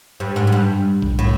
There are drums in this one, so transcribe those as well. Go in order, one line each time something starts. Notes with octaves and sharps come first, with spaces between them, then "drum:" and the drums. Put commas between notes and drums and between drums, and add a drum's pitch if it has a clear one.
G2
G#2
F#2
G2
drum: kick
A2, drum: kick